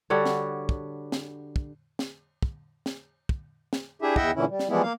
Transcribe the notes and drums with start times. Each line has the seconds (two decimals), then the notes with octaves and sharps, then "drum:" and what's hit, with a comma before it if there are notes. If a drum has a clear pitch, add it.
0.10 D3 G3 F#4 C#5
0.26 drum: snare
0.69 drum: kick
1.12 drum: snare
1.56 drum: kick
1.99 drum: snare
2.43 drum: kick
2.86 drum: snare
3.29 drum: kick
3.73 drum: snare
4.02 D4 E4 G4 G#4 E5
4.16 E2 E4 D#5 E5 F#5 G5, drum: kick
4.35 A#2 D3 E3 C#4 E4
4.49 G3
4.59 drum: snare
4.69 E3 F3 G3 G#3 B3 E4
4.83 A#3 F5